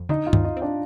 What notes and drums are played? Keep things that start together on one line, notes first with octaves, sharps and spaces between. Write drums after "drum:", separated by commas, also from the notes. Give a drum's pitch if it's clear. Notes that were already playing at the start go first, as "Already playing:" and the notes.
Already playing: F2
D3 D#4 D#5
F4 F5
D2, drum: tom G2
D#4 D#5
C4
D4 D5